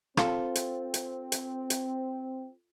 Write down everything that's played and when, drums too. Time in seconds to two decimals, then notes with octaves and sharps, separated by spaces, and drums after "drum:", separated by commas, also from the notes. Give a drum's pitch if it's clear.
0.17 C4 F4 A4, drum: rim click
0.55 drum: hi-hat
0.94 drum: hi-hat
1.32 drum: hi-hat
1.70 drum: hi-hat